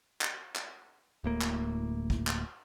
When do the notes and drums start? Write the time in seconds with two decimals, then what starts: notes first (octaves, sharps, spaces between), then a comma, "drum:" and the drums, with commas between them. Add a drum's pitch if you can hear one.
0.21 drum: clap
0.56 drum: clap
1.24 D1 A2 A#3
1.41 drum: clap
2.10 drum: kick
2.27 drum: clap